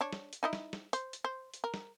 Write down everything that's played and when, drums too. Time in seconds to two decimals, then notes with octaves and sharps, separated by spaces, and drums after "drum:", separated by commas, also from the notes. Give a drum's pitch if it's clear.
0.01 D4 C#5
0.13 drum: snare
0.33 drum: hi-hat
0.43 D#4 E4 D#5
0.53 drum: snare
0.73 drum: snare
0.93 C5, drum: hi-hat
1.13 drum: hi-hat
1.24 C5
1.54 drum: hi-hat
1.64 A#4
1.74 drum: snare